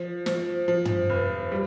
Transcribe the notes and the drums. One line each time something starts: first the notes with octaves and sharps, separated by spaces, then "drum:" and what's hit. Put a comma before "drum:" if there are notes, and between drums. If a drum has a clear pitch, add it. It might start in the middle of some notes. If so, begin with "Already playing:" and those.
Already playing: F3
F3, drum: snare
F3
drum: tom
F1
G3